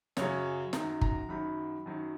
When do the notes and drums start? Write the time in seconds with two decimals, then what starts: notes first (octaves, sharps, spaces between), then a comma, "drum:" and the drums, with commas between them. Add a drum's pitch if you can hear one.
0.17 F#2 C#3 F#3 C#5, drum: snare
0.73 F#2 D#3 F#3 A#5, drum: snare
1.01 A#5, drum: kick G1
1.29 F#2 D#3 F#3 B5
1.86 F#2 D#3 F#3